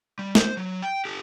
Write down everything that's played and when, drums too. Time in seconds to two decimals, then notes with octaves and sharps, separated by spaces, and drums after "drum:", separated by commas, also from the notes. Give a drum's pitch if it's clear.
0.19 G3
0.35 C5, drum: snare
0.57 F#3
0.82 G5
1.05 G4 A4